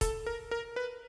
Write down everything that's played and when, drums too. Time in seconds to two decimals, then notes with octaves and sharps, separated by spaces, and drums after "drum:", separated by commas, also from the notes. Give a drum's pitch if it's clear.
0.01 A4, drum: kick, hi-hat
0.26 A#4
0.51 A#4
0.76 B4